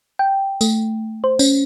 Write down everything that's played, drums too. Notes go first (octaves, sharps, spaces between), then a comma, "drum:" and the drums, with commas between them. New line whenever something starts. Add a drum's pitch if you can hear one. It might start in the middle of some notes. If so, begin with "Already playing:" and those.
G5
A3, drum: tambourine
C5
C#4, drum: tambourine